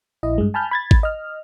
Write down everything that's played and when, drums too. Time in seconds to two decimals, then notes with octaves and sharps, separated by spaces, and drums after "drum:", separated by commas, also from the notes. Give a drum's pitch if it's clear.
0.23 A#1 E4 D#5
0.38 G2 G#3
0.54 G#5 A5 B5 F6 G6
0.71 B5 G#6 A6
0.91 drum: kick G#1
1.03 D#5 F6